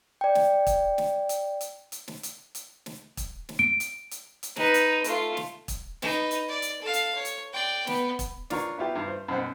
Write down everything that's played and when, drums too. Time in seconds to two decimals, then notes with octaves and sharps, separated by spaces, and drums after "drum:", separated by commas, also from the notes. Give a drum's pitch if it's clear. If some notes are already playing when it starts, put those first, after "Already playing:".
0.21 D5 G5
0.35 drum: snare
0.67 drum: kick, hi-hat
0.98 drum: snare
1.29 drum: hi-hat
1.61 drum: hi-hat
1.92 drum: hi-hat
2.08 drum: snare
2.23 drum: hi-hat
2.55 drum: hi-hat
2.86 drum: snare
3.17 drum: kick, hi-hat
3.49 drum: snare
3.59 D7
3.80 drum: hi-hat
4.11 drum: hi-hat
4.43 drum: hi-hat
4.56 D#4 B4, drum: snare
4.74 drum: hi-hat
5.04 A3 F4, drum: hi-hat
5.37 drum: snare
5.68 drum: kick, hi-hat
6.02 D#4 B4, drum: snare
6.31 drum: hi-hat
6.48 D5
6.62 drum: hi-hat
6.82 A4 F5
6.94 drum: hi-hat
7.15 C#5
7.25 drum: hi-hat
7.53 D5 G5
7.87 B3, drum: snare
8.19 drum: kick, hi-hat
8.50 D4 F4 A#4 C#5 C#6, drum: snare
8.78 B3 E4 F4 G4
8.95 G2 F4
9.08 C5
9.28 F#2 B2 C4 C5 F#5